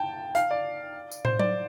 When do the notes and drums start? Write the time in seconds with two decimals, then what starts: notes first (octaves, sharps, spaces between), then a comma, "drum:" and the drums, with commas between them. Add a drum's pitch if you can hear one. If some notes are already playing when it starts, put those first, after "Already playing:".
Already playing: G5 A5
0.35 F5, drum: hi-hat
0.51 D5
1.12 drum: tambourine
1.25 C5, drum: tom
1.39 D5, drum: tom F#3